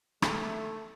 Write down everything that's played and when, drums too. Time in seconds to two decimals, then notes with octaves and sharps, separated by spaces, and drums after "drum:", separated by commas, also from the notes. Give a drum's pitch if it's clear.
0.22 A3, drum: rim click